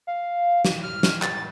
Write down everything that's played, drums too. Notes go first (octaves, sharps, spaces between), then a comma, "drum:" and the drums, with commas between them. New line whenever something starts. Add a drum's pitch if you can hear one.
F5
drum: snare
F6
drum: snare
A6, drum: clap